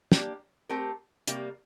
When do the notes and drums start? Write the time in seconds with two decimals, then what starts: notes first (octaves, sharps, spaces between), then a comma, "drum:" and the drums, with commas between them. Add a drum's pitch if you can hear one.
0.12 A#3 D4 G4, drum: snare
0.69 A3 C4 G4 A#4
1.27 C3 G3 A#3, drum: hi-hat